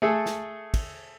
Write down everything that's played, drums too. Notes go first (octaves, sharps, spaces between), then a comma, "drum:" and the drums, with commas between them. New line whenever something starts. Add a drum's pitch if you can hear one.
A3 G#4 A4
drum: snare
drum: kick, cymbal